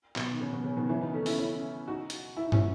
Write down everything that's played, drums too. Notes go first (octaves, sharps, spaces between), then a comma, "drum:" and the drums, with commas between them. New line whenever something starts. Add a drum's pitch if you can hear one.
B2, drum: clap
D#3
C#3
B2
C#3
B2 D#3
C#3 E3
B3 D#4
A3 C#4
C#4 E4, drum: open hi-hat
C#4 E4
D#4 F#4
drum: hi-hat
E4
D#4
C#4 E4, drum: tom